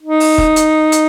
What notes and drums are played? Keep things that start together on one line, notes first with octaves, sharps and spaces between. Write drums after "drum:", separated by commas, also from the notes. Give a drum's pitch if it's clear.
D#4
drum: open hi-hat
drum: kick
drum: hi-hat
drum: hi-hat